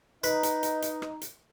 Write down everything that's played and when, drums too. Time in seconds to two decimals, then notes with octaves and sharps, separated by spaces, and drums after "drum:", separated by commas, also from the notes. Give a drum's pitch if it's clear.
0.24 D#4 B4, drum: hi-hat
0.43 drum: hi-hat
0.63 drum: hi-hat
0.82 drum: hi-hat
1.02 drum: rim click
1.21 drum: hi-hat